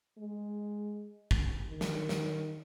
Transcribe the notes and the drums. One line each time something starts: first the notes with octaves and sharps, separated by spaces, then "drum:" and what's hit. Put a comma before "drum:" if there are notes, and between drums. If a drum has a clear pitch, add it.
G#3
drum: kick
D#3
drum: snare
drum: snare